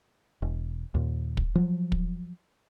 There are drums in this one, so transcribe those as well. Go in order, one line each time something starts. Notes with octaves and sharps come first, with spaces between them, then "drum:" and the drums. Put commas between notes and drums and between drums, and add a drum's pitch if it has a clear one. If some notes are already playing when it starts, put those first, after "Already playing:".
E1
D#2 A#2
drum: kick
F3 F#3
drum: kick